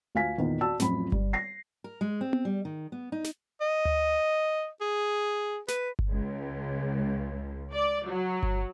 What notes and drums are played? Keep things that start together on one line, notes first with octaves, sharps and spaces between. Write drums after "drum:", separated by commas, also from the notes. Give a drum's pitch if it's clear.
D2 F4 F5 G#5 B6
E2 A#2 D#3
F#4 D5 A5 E6
A1 F2 F3 F#3 B5, drum: snare
G3, drum: kick G1
A#6 C7
A#4
G#3
C4
drum: tom B3
G3
D#3
B3
D#4
drum: snare
D#5
drum: tom D2
G#4
B4, drum: snare
drum: kick G1
C#2
D5
F#3
drum: kick G1